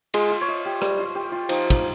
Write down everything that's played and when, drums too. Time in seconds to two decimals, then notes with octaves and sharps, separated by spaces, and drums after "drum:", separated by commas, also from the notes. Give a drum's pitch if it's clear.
0.14 G#3 F4, drum: cymbal
0.30 F4
0.41 C#5
0.48 D#5
0.65 G4
0.82 G3, drum: rim click
0.99 F4
1.15 G4
1.32 F4
1.49 F3 D#4, drum: cymbal
1.70 D#4, drum: kick, cymbal